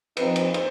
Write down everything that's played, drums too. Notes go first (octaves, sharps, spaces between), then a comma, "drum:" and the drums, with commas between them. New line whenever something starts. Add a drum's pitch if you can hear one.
F3 C4 D#4 B4, drum: cymbal
drum: cymbal
C5, drum: cymbal